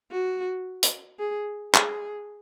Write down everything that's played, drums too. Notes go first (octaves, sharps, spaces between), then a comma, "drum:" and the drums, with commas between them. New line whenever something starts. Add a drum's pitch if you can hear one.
F#4
drum: hi-hat
G#4
G#4, drum: clap